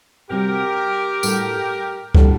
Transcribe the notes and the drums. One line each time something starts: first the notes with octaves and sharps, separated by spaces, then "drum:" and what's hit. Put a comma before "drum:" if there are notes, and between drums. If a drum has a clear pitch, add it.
C3 G3 C4 F#4 G4 A#4
A2 G3 D4 F#4 A4, drum: tambourine
A2 G3 D4 F#4 A4, drum: kick C#2